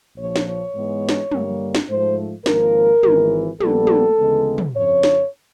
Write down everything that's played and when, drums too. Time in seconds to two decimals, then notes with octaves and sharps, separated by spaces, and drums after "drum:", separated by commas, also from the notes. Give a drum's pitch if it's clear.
0.16 A#1 A#2 F3 C#5
0.36 drum: snare
0.45 C#5
0.74 G#2 E3 G#3 B3
1.09 drum: snare
1.31 G2 D3 G3 A#3, drum: tom
1.75 drum: snare
1.89 G#2 F3 A3 C5
2.46 G#1 G#2 F3 A#3 A#4, drum: snare
3.03 G#1 G#2 E3, drum: tom
3.60 A#1 A#2 G3 B3 A4, drum: tom
3.87 drum: tom
4.18 D2 C#3 E3 G#3 B3
4.58 drum: tom
4.75 F2 C#3 F3 C#5
5.03 drum: snare